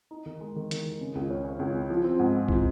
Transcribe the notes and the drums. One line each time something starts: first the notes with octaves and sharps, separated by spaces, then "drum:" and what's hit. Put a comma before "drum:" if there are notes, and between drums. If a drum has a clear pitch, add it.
D#4
D#3
G#3
D#3
D#3, drum: hi-hat
D#3
C#3
C#2
C#4
C#4
C#2
C#3
F3
C4
G#2
C4
F3, drum: kick